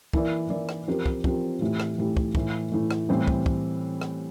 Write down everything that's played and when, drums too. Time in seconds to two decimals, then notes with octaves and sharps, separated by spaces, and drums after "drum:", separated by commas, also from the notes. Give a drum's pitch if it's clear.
0.13 E3 A#3 E4 A#4 D5, drum: kick
0.50 E3 A#3 E4 A#4 D5
0.69 drum: rim click
0.88 F3 C4 G4 A#4
1.06 drum: kick
1.24 F3 C4 G4 A#4, drum: kick
1.61 A2 E3 A3 E4 G4
1.80 drum: rim click
1.98 A2 E3 A3 E4 G4
2.17 drum: kick
2.35 A2 E3 A3, drum: kick
2.72 A2 E3 A3
2.91 drum: rim click
3.09 A2 E3 G3 C4 G4
3.28 drum: kick
3.46 drum: kick
4.01 drum: rim click